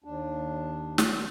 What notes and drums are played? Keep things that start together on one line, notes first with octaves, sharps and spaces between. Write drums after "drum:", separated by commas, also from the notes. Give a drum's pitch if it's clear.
D#2 D4
drum: snare